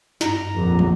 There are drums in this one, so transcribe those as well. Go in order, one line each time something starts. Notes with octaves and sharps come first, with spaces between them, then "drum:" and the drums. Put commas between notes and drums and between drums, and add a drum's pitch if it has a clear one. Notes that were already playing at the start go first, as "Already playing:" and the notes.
G2 A#5, drum: snare
A#1 F2 D3
drum: tom